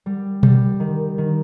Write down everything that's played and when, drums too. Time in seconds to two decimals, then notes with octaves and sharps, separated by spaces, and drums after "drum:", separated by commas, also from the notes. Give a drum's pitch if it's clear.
0.06 G3
0.43 G3, drum: tom B2
0.80 D#3
1.18 D#3